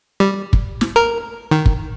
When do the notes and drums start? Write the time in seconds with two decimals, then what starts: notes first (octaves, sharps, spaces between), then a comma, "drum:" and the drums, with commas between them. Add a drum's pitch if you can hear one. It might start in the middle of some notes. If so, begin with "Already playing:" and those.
0.20 G3
0.53 drum: kick
0.81 drum: snare
0.96 A#4
1.51 D#3
1.66 drum: kick